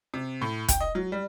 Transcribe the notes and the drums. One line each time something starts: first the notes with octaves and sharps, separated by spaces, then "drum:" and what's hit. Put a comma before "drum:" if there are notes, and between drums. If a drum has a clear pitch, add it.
C3
A2
G5, drum: kick, hi-hat
D#5
F#3
G3